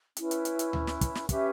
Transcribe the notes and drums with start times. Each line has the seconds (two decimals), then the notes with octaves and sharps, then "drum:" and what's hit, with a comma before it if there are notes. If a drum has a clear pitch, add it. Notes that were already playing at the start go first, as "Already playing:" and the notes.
0.17 C#4 E4 B4, drum: hi-hat
0.31 drum: hi-hat
0.45 drum: hi-hat
0.59 drum: hi-hat
0.73 drum: tom D2
0.87 drum: snare
1.01 drum: kick, hi-hat
1.15 drum: snare
1.29 C#4 G4 B4 E5, drum: kick, hi-hat